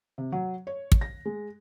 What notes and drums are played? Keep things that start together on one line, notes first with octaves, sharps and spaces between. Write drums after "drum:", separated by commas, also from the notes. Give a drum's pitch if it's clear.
C3
F#3
C#5
drum: kick
A#6
G#3